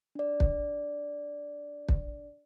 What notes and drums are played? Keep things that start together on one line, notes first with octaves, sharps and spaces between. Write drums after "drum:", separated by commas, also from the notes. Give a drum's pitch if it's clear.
D4 D5
drum: kick
drum: kick